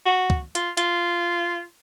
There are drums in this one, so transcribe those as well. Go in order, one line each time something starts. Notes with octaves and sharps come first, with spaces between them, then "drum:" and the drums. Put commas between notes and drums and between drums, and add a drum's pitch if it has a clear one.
F#4
drum: kick
F4, drum: hi-hat
F4, drum: hi-hat